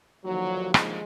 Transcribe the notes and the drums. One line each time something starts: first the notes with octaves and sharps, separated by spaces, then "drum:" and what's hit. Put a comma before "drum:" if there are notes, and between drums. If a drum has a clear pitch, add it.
D#2 D3 F3 F#3
G#3, drum: rim click